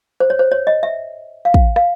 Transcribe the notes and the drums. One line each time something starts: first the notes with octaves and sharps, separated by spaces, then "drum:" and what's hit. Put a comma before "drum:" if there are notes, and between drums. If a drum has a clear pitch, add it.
C5
C#5
C5
C#5
D#5
E5
F5
drum: kick
F5, drum: rim click